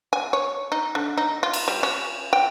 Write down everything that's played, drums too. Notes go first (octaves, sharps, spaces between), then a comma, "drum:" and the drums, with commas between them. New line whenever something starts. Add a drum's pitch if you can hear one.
G#5
C#5
D#4
D3
D#4
F4
drum: cymbal
G3
C#4
G5